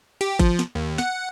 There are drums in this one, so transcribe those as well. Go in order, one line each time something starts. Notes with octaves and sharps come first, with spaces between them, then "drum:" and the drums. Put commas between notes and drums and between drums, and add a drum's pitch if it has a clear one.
G4, drum: hi-hat
F3, drum: kick G#1, hi-hat
drum: snare
D#2
F#5, drum: snare